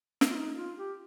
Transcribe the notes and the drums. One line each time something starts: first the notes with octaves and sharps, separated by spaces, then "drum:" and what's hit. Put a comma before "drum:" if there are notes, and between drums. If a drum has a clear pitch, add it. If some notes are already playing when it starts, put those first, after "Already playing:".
drum: snare
F4
D#4
F4
G4